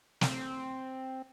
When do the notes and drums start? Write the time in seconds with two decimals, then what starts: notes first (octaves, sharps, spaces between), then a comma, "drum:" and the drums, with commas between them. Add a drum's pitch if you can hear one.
0.21 C4, drum: snare